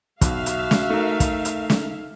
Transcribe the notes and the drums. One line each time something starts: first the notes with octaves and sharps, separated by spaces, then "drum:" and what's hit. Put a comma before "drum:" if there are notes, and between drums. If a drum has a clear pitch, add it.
B1 F#4 E5 F5, drum: kick, hi-hat
drum: hi-hat
drum: snare
A3 D#4 A4 A#4
drum: kick, hi-hat
drum: hi-hat
drum: snare